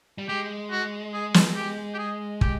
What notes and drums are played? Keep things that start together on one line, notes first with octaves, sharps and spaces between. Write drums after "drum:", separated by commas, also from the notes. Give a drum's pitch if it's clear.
G3
G#3 G4
F#4
G#4
drum: snare
G4
G4
G#4
G4, drum: kick